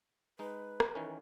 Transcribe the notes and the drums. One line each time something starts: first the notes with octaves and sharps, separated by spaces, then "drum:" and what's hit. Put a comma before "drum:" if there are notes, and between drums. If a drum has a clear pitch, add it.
G#3 D#4 B4
drum: rim click
D#3 E3 C#4